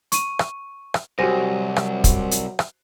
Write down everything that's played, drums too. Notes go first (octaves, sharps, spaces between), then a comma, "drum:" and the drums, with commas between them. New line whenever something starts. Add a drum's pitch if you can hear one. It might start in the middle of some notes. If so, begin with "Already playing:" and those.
C#6 D#7, drum: hi-hat
drum: rim click
drum: rim click
C2 F#3 F#4 G4 C5 G#5 A#6
drum: rim click
drum: kick, hi-hat
drum: hi-hat
drum: rim click